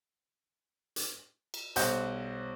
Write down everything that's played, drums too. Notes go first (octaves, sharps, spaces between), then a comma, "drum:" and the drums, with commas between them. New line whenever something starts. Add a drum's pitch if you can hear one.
drum: hi-hat
drum: cymbal
B1 G3 C5 D#5 F#5 G6, drum: hi-hat